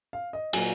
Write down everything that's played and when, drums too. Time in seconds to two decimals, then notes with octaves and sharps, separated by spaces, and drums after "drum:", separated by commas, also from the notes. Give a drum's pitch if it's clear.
0.13 F5
0.33 D#5
0.53 A#2 F#3 G#5, drum: cymbal